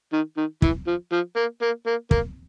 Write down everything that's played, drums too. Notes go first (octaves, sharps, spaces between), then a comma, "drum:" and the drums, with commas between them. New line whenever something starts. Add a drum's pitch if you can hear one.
D#3
D#3
E3, drum: kick
F3
F3
A#3
A#3
A#3
A#3, drum: kick